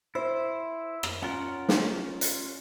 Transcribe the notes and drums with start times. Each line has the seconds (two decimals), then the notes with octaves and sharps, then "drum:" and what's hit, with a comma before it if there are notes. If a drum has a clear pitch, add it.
0.15 E4 C5
1.03 drum: rim click
1.22 C#4 F4 A#4 F#5
1.69 drum: snare
2.21 drum: hi-hat